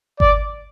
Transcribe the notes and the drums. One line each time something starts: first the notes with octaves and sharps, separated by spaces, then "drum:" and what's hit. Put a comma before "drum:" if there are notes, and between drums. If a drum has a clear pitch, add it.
D5, drum: kick G1